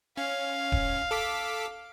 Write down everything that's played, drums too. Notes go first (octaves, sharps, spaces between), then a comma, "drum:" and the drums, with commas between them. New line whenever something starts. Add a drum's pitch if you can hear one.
C#4 F5
drum: kick D#1
A4 D6 B6